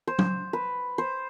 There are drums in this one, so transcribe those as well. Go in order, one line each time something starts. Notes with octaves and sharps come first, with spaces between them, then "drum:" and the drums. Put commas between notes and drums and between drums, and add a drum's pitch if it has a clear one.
C5
drum: tom
B4
C5